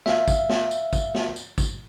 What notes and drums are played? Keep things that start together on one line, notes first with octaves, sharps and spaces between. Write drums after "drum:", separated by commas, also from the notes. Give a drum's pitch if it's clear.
E5 F5, drum: snare
drum: kick, tambourine
drum: snare
drum: tambourine
drum: kick, tambourine
drum: snare
drum: tambourine
drum: kick, tambourine